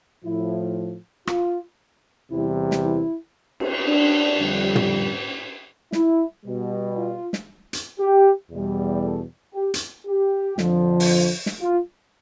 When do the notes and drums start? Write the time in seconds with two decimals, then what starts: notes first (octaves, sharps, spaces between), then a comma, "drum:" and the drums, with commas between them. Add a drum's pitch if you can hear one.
0.24 A2 F3 E4
1.27 F4, drum: rim click
2.30 E2 C3 E3 G3 E4
2.71 drum: snare
2.83 E4
3.60 drum: cymbal
3.86 D4
4.38 F2 D3 G3
4.75 drum: tom
5.92 E4, drum: snare
6.45 B2 G3
6.96 F4
7.33 drum: snare
7.73 drum: hi-hat
7.99 G4
8.51 E2 B2 G3
9.03 A4
9.55 G4
9.74 drum: hi-hat
10.06 G4
10.58 F2 D3 F3, drum: snare
11.00 drum: open hi-hat
11.46 drum: snare
11.61 F4